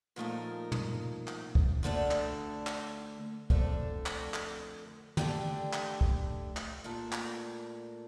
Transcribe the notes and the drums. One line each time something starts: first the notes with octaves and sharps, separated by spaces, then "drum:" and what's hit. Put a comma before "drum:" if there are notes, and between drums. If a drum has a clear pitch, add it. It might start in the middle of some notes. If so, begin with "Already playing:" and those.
A#2 F3 A3 D#4 A#4
drum: tom
drum: clap
drum: kick
D2 D3 A3 D4 A4
drum: clap
drum: clap
F2 D3 A3 D4 A4, drum: kick
drum: clap
drum: clap
D3 A3 D4 G4, drum: tom
drum: clap
drum: kick
drum: clap
A#2 A3 D4 A4
drum: clap